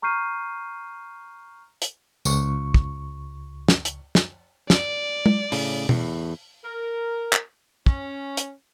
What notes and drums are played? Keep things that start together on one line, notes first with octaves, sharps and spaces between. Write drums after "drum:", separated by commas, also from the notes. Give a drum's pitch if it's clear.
A#5 C#6 F6 G6 C7 D#7
drum: hi-hat
C#2 C#6, drum: tambourine
drum: kick
drum: snare
drum: hi-hat
drum: snare
D5, drum: snare
drum: tom
A2 C#3, drum: open hi-hat
E2 A2, drum: tom B2
A#4
drum: clap
C#4, drum: kick
drum: hi-hat